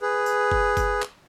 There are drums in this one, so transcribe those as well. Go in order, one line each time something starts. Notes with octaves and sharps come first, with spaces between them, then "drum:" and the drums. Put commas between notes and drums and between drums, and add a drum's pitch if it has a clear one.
G#4 B4
drum: tambourine
drum: kick G1
drum: kick G1, tambourine
drum: clap